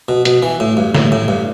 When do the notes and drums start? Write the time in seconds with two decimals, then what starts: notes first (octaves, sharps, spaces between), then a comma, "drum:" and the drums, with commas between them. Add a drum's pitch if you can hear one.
0.09 B2
0.25 B2, drum: hi-hat
0.43 E3
0.60 A2
0.77 G2
0.95 A2, drum: snare
1.12 A2
1.28 G2